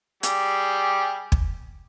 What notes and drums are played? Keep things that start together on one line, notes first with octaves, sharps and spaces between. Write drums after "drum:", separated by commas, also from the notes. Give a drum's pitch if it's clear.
G3 G4 G#4, drum: hi-hat
drum: kick